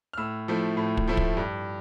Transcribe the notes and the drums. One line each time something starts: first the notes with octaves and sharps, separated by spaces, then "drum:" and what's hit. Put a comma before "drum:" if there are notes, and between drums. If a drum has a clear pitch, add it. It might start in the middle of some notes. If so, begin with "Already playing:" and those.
F6
A2 E6
F3 A3 E4
A2
drum: kick
F3 A3 E4
drum: kick
G2